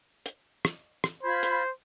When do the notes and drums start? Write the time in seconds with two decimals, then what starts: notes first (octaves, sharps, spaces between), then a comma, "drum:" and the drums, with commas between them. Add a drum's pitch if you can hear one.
0.26 drum: hi-hat
0.65 drum: rim click
1.04 drum: rim click
1.23 F4 C5 B5 G#6
1.43 drum: hi-hat